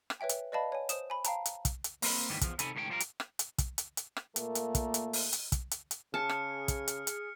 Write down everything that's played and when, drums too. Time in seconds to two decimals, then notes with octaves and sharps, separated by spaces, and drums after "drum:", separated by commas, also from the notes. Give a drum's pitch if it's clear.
0.10 drum: rim click
0.20 B4 C#5 E5 G5 G#5
0.29 drum: hi-hat
0.52 B4 D5 D#5 F5 A5 B5
0.72 C#5 G#5
0.89 C5 D#6 E7, drum: hi-hat
1.10 G#5 B5
1.24 F5 G5 A5 A#5, drum: hi-hat
1.45 drum: hi-hat
1.65 drum: kick, hi-hat
1.84 drum: hi-hat
2.02 A#3 C4 A#4 B5, drum: open hi-hat
2.29 D2 G2 D#3 E3 G3 B3
2.41 E2 F3, drum: kick, hi-hat
2.59 C3 D#4 A4 G#5 B5, drum: hi-hat
2.75 C#2 A2 D#3 C#4 F#4 G5
2.89 F3 G3 F4 G4 A#4
3.00 drum: hi-hat
3.20 drum: rim click
3.39 drum: hi-hat
3.58 drum: kick, hi-hat
3.78 drum: hi-hat
3.97 drum: hi-hat
4.17 drum: rim click
4.36 A#2 A3 A#3, drum: hi-hat
4.55 drum: hi-hat
4.75 drum: kick, hi-hat
4.94 drum: hi-hat
5.13 drum: open hi-hat
5.33 drum: hi-hat
5.52 drum: kick, hi-hat
5.71 drum: hi-hat
5.91 drum: hi-hat
6.14 C#3 G#4 A5 F6 C#7
6.29 drum: rim click
6.68 drum: kick, hi-hat
6.88 drum: hi-hat
7.07 drum: hi-hat